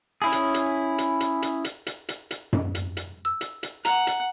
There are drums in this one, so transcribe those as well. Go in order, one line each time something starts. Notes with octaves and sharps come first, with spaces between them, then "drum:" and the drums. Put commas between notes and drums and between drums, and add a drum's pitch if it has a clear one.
C#4 E4 G#4
drum: hi-hat
drum: hi-hat
drum: hi-hat
drum: hi-hat
drum: hi-hat
drum: hi-hat
drum: hi-hat
drum: hi-hat
drum: hi-hat
drum: tom F#2
drum: hi-hat
drum: hi-hat
E6
drum: hi-hat
drum: hi-hat
F#5 A#5, drum: hi-hat
drum: hi-hat